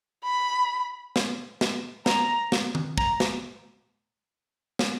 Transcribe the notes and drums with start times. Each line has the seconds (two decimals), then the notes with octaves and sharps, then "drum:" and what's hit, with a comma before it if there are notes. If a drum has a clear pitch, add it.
0.24 B5
1.16 drum: snare
1.61 drum: snare
2.06 A#5, drum: snare
2.52 drum: snare
2.75 drum: tom D#3
2.98 A#5, drum: kick
3.20 drum: snare
4.79 drum: snare